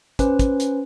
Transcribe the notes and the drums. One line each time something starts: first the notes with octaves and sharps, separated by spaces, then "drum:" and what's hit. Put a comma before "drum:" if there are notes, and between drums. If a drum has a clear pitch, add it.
C#4 B4 C5, drum: kick, hi-hat
drum: kick, hi-hat
drum: hi-hat